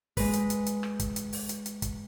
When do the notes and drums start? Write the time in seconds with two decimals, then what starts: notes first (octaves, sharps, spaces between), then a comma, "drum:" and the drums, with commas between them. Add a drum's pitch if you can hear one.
0.17 G#3 B4, drum: kick, open hi-hat
0.33 drum: hi-hat
0.50 drum: hi-hat
0.66 drum: hi-hat
0.83 drum: rim click
0.99 drum: kick, hi-hat
1.16 drum: hi-hat
1.33 drum: open hi-hat
1.49 drum: hi-hat
1.66 drum: hi-hat
1.82 drum: kick, hi-hat